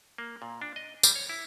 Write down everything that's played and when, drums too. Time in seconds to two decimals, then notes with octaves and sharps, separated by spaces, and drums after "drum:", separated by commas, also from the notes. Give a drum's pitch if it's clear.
0.18 A#3
0.42 A#2
0.62 D4
0.76 D#5
1.03 G3, drum: tambourine
1.15 C#5
1.29 E4